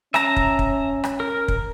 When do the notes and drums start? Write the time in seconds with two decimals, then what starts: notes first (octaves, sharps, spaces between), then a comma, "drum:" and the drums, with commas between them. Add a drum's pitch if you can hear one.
0.14 C#4 E5 A5 A#5, drum: rim click
0.36 drum: kick
0.59 drum: kick
1.04 drum: rim click
1.20 A#4
1.48 drum: kick